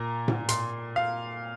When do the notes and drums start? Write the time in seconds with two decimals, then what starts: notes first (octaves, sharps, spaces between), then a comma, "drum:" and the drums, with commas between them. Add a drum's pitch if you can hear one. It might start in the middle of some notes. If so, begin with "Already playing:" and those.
Already playing: A#2 A#5
0.28 drum: tom A2
0.49 C6, drum: hi-hat
0.96 F5